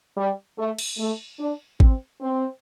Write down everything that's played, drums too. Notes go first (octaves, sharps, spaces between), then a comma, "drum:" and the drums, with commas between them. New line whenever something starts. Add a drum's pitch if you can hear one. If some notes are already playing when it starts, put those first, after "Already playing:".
G3
A3
drum: cymbal
A3
D4
C4, drum: kick G#1
C4